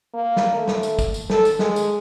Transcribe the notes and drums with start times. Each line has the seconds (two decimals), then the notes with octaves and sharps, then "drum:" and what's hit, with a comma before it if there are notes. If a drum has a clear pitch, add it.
0.14 A#3
0.37 drum: snare
0.57 A3
0.68 drum: snare
0.83 drum: tambourine
0.99 drum: kick, tambourine
1.14 drum: tambourine
1.30 A4, drum: snare
1.45 drum: tambourine
1.59 G#3, drum: snare
1.76 drum: tambourine